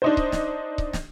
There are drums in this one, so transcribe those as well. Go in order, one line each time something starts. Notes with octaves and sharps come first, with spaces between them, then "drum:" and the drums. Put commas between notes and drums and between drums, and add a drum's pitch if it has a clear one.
D4 D#4 C5
drum: kick C#1
drum: snare
drum: kick C#1
drum: snare